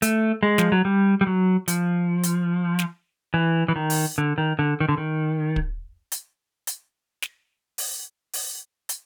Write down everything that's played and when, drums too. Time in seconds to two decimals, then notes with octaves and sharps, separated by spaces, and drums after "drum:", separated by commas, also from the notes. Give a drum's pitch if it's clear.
0.02 A3, drum: hi-hat
0.43 G#3
0.58 F3, drum: snare
0.72 F#3
0.85 G3
1.21 G3
1.27 F#3
1.68 F3, drum: hi-hat
2.23 drum: hi-hat
2.79 drum: snare
3.34 E3
3.68 E3
3.76 D#3
3.90 drum: open hi-hat
4.18 D3
4.38 D#3
4.59 D3
4.80 D#3
4.89 D3
4.98 D#3
5.56 drum: kick
6.12 drum: hi-hat
6.67 drum: hi-hat
7.23 drum: snare
7.78 drum: open hi-hat
8.33 drum: open hi-hat
8.89 drum: hi-hat